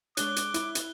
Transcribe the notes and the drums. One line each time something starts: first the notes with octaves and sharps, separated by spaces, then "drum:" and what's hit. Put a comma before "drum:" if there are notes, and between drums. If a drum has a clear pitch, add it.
G#3 D4 C#5 D6 F#6 G7, drum: hi-hat
drum: hi-hat
E4, drum: hi-hat
drum: hi-hat